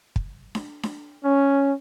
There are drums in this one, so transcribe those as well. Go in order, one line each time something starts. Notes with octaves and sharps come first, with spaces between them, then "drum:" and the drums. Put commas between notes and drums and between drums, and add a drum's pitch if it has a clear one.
drum: kick
drum: snare D4
drum: snare D4
C#4